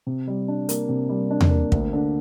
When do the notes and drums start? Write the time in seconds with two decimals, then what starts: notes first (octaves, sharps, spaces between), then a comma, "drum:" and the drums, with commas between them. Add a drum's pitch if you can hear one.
0.07 C3
0.28 G3
0.48 D4
0.69 A#3, drum: hi-hat
0.89 C3
1.09 G3
1.31 D4
1.41 drum: tom E2
1.51 A#3
1.72 D2, drum: kick
1.93 D3